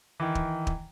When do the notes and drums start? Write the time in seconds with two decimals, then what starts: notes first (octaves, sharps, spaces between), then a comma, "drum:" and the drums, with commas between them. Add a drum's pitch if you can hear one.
0.20 D#3 E3
0.35 drum: kick
0.67 drum: kick